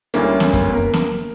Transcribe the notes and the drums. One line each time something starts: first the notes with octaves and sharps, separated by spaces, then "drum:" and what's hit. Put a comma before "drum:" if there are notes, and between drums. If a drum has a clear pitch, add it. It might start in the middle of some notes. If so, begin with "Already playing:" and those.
D2 D3 G3 A#3 C#4 E4 E5, drum: hi-hat
drum: snare B3
B3 B4, drum: kick F#2, hi-hat
A#3 A#4
A#3 A#4, drum: snare B3